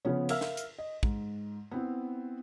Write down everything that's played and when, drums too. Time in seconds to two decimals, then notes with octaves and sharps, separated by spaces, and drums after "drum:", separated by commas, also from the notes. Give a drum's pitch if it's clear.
0.05 C#3 F3 B3 C#4
0.29 A#4 E5 F5 E6 F6, drum: cymbal
0.41 drum: snare
0.57 drum: hi-hat
0.79 D#5
1.03 G#2, drum: kick
1.71 B3 C4 E4